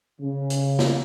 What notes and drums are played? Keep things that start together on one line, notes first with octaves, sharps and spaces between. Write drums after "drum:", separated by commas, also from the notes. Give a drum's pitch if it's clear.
C#3
drum: hi-hat
drum: snare